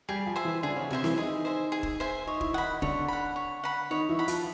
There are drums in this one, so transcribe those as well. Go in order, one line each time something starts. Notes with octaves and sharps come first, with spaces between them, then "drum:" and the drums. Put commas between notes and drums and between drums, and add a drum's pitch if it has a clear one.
G3 G4 G#4
F3 F4
C5 E5 G#5
E3 E4
D3 D4 G#4
C#3 C#4
C3 C4 C5 E5 G#5
E3 E4, drum: snare C4
D#3 D#4 G#4
C5 E5 G#5
G#4
drum: kick
C5 E5 G#5
D#4 C#5
E4, drum: kick
D#3 D#4 F#5 B5
D3 D4 C#5, drum: kick
F#5 B5
C#5
F#5 B5
D#3 D#4 C#5
E3 E4
F#5 B5
F3 F4, drum: hi-hat